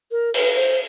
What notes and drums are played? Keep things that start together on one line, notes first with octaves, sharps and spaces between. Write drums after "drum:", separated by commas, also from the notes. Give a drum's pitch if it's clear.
A#4
B4, drum: open hi-hat
C5